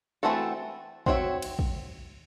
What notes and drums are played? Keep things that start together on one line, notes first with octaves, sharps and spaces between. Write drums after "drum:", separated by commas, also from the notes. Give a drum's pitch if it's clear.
E3 A3 C4 F#4 A4
C4 F#4 C#5 E5, drum: kick
drum: cymbal
drum: kick